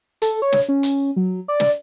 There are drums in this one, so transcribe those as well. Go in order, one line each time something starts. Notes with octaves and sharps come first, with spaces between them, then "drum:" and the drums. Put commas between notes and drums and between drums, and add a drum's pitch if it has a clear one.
A4, drum: hi-hat
C#5
drum: snare
C#4
drum: hi-hat
F#3
D5
drum: snare